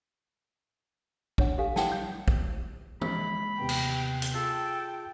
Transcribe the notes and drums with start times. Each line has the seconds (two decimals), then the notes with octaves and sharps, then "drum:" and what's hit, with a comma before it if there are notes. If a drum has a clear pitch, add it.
1.38 D4 C#5 F#5, drum: kick
1.58 G4 A4 F5 G#5
1.76 F#5 G5 A5, drum: snare
1.92 G6
2.28 drum: kick
3.01 G#3 B5, drum: tom
3.60 D#2 C3 B3 G5
3.69 drum: cymbal
4.22 drum: hi-hat
4.34 F4 G#4 A4 G5 A5